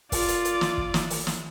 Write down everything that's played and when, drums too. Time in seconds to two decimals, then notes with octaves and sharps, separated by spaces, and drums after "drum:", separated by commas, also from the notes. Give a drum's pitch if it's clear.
0.12 F4 D5, drum: kick, open hi-hat
0.28 drum: hi-hat
0.45 drum: hi-hat
0.61 drum: snare
0.78 drum: kick
0.94 drum: snare
1.10 drum: open hi-hat
1.27 drum: snare